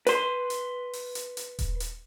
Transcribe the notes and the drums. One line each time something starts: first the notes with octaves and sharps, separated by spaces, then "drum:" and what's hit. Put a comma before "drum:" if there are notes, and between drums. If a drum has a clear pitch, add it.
B4 C6, drum: hi-hat
drum: hi-hat
drum: open hi-hat
drum: hi-hat
drum: hi-hat
drum: kick D#1, hi-hat
drum: hi-hat